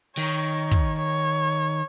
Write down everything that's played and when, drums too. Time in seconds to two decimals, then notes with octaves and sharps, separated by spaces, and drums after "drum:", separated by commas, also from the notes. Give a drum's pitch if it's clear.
0.17 D#3 C#5
0.71 drum: kick
0.98 C#5